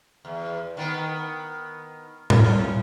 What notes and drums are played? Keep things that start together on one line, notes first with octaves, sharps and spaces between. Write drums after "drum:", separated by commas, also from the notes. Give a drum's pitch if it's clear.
E2
D#3 B3
C#4 E4 F4, drum: tom A2